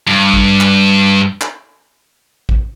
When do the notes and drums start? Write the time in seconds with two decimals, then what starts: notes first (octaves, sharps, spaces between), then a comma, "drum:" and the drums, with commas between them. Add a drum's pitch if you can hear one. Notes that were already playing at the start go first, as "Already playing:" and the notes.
0.07 G2
0.34 drum: kick
0.61 drum: clap
1.41 drum: clap
2.49 drum: kick